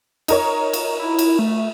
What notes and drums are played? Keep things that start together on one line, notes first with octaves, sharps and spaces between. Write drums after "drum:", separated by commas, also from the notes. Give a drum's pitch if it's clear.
D#4 A#4 C#5, drum: cymbal
drum: cymbal
E4
drum: cymbal
A3